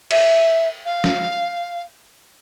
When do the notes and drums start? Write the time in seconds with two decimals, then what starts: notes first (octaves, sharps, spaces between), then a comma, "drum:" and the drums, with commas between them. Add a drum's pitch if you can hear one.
0.11 E5, drum: cymbal
0.85 F5
1.04 drum: snare